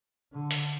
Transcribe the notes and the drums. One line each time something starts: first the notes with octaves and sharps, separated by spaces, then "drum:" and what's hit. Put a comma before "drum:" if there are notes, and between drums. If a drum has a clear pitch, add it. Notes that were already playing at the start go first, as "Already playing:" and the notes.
D3
drum: hi-hat